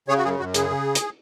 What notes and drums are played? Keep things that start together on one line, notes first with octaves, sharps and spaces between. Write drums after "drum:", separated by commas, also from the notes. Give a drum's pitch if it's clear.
C#3 G#4 C#5
F#4
F#2 G#4
F#2 F#4
C#3 G#4, drum: hi-hat
C#3
drum: hi-hat